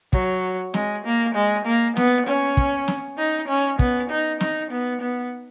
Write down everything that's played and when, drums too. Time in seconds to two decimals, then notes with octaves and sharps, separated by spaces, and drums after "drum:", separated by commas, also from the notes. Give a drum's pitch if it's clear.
0.13 F#3, drum: kick
0.74 G#3, drum: snare
1.05 A#3
1.35 G#3
1.66 A#3
1.97 B3, drum: snare
2.27 C#4
2.57 drum: kick
2.88 drum: snare
3.18 D#4
3.48 C#4
3.79 B3, drum: kick
4.10 D#4
4.41 D#4, drum: snare
4.71 B3
5.01 B3